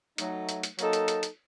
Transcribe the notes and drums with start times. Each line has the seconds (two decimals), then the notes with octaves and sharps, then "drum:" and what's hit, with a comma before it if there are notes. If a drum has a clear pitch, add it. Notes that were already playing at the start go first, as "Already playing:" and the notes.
0.18 F#3 A3 D#4, drum: hi-hat
0.49 drum: hi-hat
0.63 drum: hi-hat
0.79 F#3 A#3 D#4 A4, drum: hi-hat
0.93 drum: hi-hat
1.08 drum: hi-hat
1.23 drum: hi-hat